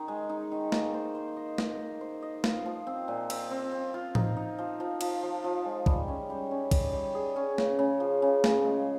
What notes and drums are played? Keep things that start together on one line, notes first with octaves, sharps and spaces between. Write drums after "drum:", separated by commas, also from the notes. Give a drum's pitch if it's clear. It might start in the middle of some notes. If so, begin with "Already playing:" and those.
Already playing: D#3 D#4
G#3
D#4
D#3
A#3, drum: snare
C5
C5
D#5
D#5, drum: snare
D#5
C5
D#5
F4, drum: snare
F3
C4
A#2
C4, drum: cymbal
C4
C4
F4
D#4, drum: tom
D#4
F3
F3
F3, drum: cymbal
F3
F3
G#3
G3, drum: kick
C#4
G3
C#4
G3, drum: kick, cymbal
G3
G#4
C#4
C#3, drum: snare
C#3
F3
C#3
C#3, drum: snare
G#3